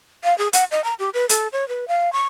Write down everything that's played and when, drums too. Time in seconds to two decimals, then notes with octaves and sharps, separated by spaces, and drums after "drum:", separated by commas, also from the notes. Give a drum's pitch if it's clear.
0.24 F5
0.38 G#4
0.53 F#5, drum: hi-hat
0.71 D#5
0.84 A#5
0.99 G4
1.14 B4
1.29 A4, drum: hi-hat
1.53 C#5
1.68 B4
1.88 F5
2.13 C#6